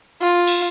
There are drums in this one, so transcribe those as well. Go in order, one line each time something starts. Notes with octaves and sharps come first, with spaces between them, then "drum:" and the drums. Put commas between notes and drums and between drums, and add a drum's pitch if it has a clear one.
F4
drum: cymbal